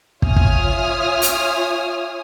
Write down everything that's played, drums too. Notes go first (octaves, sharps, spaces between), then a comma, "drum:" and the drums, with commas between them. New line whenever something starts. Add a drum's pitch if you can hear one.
F4 C#5 E5 G#5 D#6 F6, drum: kick
drum: kick
drum: hi-hat